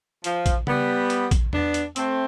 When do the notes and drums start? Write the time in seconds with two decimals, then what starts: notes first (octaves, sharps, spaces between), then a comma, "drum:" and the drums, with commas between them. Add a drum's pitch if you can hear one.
0.24 F3, drum: hi-hat
0.46 drum: kick A#1, hi-hat
0.67 G3 B3, drum: tom C#3
1.10 drum: hi-hat
1.31 drum: kick A#1, hi-hat
1.53 B3 D4, drum: tom E2
1.74 drum: hi-hat
1.96 A3 C4, drum: hi-hat